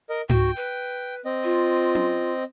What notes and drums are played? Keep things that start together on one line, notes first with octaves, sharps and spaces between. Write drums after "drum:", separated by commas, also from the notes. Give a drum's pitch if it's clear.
A#4 D#5
F#4 G5, drum: tom G#2
B4
C4 D#5
F4
drum: tom C#4